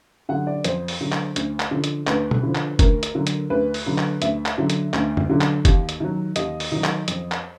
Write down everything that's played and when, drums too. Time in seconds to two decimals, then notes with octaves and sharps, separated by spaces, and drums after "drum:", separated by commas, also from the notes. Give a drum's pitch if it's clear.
0.29 D3 F#3 F#5
0.47 D5
0.64 F2 C5, drum: hi-hat
0.88 drum: open hi-hat
1.01 D3 F#3
1.12 drum: clap
1.36 D2, drum: hi-hat
1.60 drum: clap
1.71 D3 F3
1.84 drum: hi-hat
2.07 D2 B4, drum: clap
2.31 drum: tom B2
2.43 D3 F3
2.55 drum: clap
2.79 D2 A#4, drum: kick, hi-hat
3.03 drum: hi-hat
3.15 D3 F#3
3.27 drum: hi-hat
3.50 D2 B4
3.74 drum: open hi-hat
3.86 D3 F#3
3.98 drum: clap
4.22 D2 E5, drum: hi-hat
4.46 drum: clap
4.58 D3 F#3
4.70 drum: hi-hat
4.94 D2, drum: clap
5.17 drum: tom F2
5.30 D3 F#3
5.41 drum: clap
5.65 D#2, drum: kick, hi-hat
5.89 drum: hi-hat
6.00 D#3 F#3
6.36 D#2 D#5, drum: hi-hat
6.60 drum: open hi-hat
6.72 D#3 F#3
6.84 drum: clap
7.08 F2, drum: hi-hat
7.32 drum: clap